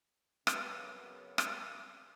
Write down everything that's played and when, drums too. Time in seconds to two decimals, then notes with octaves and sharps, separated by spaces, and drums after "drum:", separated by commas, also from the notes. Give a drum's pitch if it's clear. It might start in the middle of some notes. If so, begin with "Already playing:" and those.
0.47 F#2 C#3 B3, drum: rim click
1.38 drum: rim click